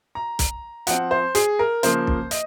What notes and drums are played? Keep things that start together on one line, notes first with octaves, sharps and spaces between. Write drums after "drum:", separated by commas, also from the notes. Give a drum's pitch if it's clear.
A#5
drum: kick B1, hi-hat
F3 C4 F#5, drum: hi-hat
C5
G#4, drum: hi-hat
A#4
C#3 F3 A#3 C5, drum: hi-hat
drum: kick B1
D#5, drum: hi-hat